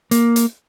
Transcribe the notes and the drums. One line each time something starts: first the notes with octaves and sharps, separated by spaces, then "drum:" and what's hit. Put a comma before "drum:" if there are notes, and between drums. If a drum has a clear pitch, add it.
A#3, drum: hi-hat
drum: hi-hat